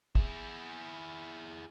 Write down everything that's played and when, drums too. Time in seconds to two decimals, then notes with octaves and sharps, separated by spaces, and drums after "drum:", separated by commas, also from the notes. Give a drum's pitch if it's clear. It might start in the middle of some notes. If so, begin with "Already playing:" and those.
0.15 E4 G#4, drum: kick